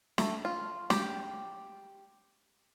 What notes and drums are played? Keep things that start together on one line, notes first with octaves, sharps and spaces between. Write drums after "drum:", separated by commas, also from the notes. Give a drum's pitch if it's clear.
A3, drum: snare
F4
G4, drum: snare